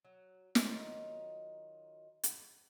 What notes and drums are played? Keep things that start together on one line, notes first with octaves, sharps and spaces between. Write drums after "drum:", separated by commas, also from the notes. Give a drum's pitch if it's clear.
F#3
D#3 F#3 D#4 F4, drum: snare
drum: hi-hat